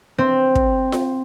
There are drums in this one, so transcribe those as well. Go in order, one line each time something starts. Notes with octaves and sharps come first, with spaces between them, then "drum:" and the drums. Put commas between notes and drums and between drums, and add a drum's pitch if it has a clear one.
C4
drum: kick
drum: snare F4